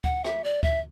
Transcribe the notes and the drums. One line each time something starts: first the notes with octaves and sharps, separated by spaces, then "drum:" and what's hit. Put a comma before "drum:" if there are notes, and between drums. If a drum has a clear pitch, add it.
F#5, drum: kick D2
E5, drum: rim click
D5
E5, drum: kick D2